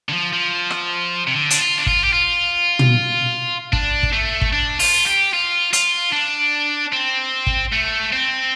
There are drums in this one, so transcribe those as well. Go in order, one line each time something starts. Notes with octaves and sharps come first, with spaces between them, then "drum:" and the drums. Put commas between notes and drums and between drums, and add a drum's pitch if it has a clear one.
D3
F3
F3
drum: rim click
C3
D3
D4, drum: hi-hat
F4
D4
F4, drum: kick
G4
F4
drum: tom
D4, drum: kick
drum: kick
A3
drum: kick
D4
F4, drum: open hi-hat
G4
F4
F4, drum: hi-hat
D4
C4
drum: kick
A3
C4